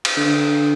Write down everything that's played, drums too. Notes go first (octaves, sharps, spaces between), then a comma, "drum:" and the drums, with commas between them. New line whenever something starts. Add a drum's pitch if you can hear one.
drum: cymbal
D3